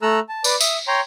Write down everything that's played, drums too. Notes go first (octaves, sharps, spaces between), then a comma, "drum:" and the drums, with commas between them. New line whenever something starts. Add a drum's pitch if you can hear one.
A3 A4 A#5 E6 F#6
A5
B4 D5 D6, drum: tambourine
E5 D#6, drum: tambourine
C#5 G5 A#5 C6